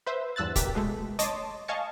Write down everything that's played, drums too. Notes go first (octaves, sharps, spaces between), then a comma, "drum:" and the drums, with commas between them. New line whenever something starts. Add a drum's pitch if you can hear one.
B4 C5 E5
E2 G2 E6 F#6 A6
B2 G4 A#4 B6, drum: kick, hi-hat
B2 G#3 A3
C#5 D#5 A5 C6 D6, drum: hi-hat
D#5 F5 G#5 A5 C#6